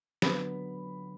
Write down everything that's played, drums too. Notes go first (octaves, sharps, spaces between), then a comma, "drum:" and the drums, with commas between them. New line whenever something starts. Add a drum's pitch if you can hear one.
D3 F#3 B3 B5, drum: snare